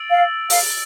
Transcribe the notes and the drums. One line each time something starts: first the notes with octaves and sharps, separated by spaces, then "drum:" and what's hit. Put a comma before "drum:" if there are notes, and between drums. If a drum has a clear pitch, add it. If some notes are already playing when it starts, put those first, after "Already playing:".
Already playing: E6 A6 D7 F#7
F5
F5, drum: open hi-hat